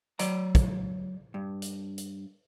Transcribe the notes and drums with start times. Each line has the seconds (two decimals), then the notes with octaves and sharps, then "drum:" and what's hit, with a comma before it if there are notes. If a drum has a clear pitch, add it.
0.19 F#3 D5 A#5, drum: hi-hat
0.55 drum: kick, hi-hat
1.34 G2
1.62 drum: hi-hat
1.98 drum: hi-hat